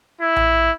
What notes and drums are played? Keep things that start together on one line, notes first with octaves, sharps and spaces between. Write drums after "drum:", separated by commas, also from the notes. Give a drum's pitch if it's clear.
E4
drum: tom A#1